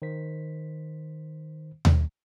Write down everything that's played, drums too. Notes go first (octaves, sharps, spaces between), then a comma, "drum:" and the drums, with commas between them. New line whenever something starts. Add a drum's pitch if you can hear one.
D#3 C5 B6
drum: tom D#2